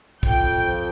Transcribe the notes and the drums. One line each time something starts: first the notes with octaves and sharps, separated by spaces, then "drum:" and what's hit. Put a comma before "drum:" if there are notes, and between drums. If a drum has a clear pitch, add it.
F2 G5, drum: kick, tambourine
drum: tambourine
F3